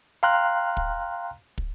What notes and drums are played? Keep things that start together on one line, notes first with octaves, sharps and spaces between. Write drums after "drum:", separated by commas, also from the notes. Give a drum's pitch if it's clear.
F5 G5 A#5 C6 F6 F#6
drum: kick
drum: kick